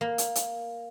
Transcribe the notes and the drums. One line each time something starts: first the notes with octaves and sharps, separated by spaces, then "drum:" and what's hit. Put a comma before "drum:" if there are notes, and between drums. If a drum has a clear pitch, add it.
A#3
drum: hi-hat
drum: hi-hat